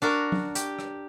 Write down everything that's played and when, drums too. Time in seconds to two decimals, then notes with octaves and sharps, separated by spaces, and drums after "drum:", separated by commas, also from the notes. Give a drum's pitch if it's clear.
0.02 D4 F#4 A#4
0.32 drum: tom F#3
0.55 G4, drum: hi-hat
0.79 drum: rim click